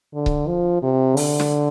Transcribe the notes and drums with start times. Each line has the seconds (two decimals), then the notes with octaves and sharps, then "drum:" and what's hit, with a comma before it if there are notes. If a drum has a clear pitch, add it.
0.14 D3
0.26 drum: kick C#1
0.48 F3
0.82 C3
1.17 D3, drum: open hi-hat
1.40 drum: snare